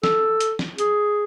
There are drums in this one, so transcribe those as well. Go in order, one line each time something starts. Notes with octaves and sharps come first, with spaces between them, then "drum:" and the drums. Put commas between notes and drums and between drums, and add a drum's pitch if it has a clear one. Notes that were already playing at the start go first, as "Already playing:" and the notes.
A4, drum: snare
drum: hi-hat
drum: snare
G#4, drum: hi-hat